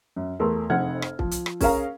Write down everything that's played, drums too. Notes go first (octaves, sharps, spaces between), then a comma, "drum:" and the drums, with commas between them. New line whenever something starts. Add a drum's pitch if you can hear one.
F#2
E2 A3 A#4 C6 E6
F1 F2 F#5 F6 G#6
drum: rim click
F3, drum: kick
drum: hi-hat
drum: rim click
C#4 G#4 A#4 C#5 F5 A#5, drum: kick, open hi-hat